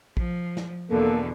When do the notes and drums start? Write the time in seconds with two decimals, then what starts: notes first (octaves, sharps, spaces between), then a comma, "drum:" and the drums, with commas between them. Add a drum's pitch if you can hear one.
0.17 F3, drum: kick
0.57 drum: snare
0.91 E2 B2 D3 A#3 A4